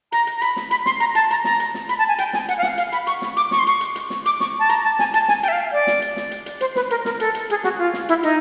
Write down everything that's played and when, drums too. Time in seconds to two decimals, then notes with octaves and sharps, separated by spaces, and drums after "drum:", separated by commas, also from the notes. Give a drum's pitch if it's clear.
0.12 A#5, drum: hi-hat
0.27 drum: hi-hat
0.37 A#5
0.42 B5, drum: hi-hat
0.56 drum: snare
0.71 B5, drum: hi-hat
0.86 C6, drum: snare
1.00 A#5, drum: hi-hat
1.15 A5, drum: hi-hat
1.31 A#5, drum: hi-hat
1.44 A#5, drum: snare
1.60 drum: hi-hat
1.74 drum: snare
1.89 B5, drum: hi-hat
1.99 A5
2.08 G#5
2.18 G5, drum: hi-hat
2.33 G#5, drum: snare
2.48 F#5, drum: hi-hat
2.58 F5
2.63 F#5, drum: snare
2.78 F5, drum: hi-hat
2.92 B5, drum: hi-hat
3.07 C#6, drum: hi-hat
3.22 drum: snare
3.37 D6, drum: hi-hat
3.51 C#6, drum: snare
3.59 C6
3.67 C#6, drum: hi-hat
3.81 drum: hi-hat
3.95 drum: hi-hat
4.10 drum: snare
4.26 D6, drum: hi-hat
4.40 C#6, drum: snare
4.60 A5
4.69 A#5, drum: hi-hat
4.84 A5
4.99 G#5, drum: snare
5.14 A5, drum: hi-hat
5.28 G#5, drum: snare
5.43 G5, drum: hi-hat
5.48 E5
5.52 F5
5.72 D5
5.87 drum: snare
6.02 drum: hi-hat
6.17 drum: snare
6.31 drum: hi-hat
6.46 drum: hi-hat
6.61 C5, drum: hi-hat
6.75 B4, drum: snare
6.90 A#4, drum: hi-hat
7.05 A#4, drum: snare
7.20 A4, drum: hi-hat
7.35 drum: hi-hat
7.50 G#4, drum: hi-hat
7.64 F#4, drum: snare
7.78 F4
7.93 drum: snare
8.09 E4, drum: hi-hat
8.23 D#4, drum: hi-hat